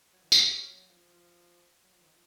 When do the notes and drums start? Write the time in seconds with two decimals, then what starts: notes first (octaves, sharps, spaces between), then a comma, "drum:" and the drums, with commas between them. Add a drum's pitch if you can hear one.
0.13 F#3
0.22 D#3
0.32 F3, drum: tambourine
0.51 C#4
0.70 F#3
0.88 F3
1.08 F3
1.83 F#3
1.92 F3
2.02 D#3
2.10 F3